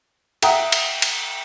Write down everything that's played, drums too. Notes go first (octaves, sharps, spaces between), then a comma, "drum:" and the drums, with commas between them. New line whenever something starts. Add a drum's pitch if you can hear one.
E5 F#5 G5 A#5 D#6, drum: cymbal
drum: cymbal
drum: cymbal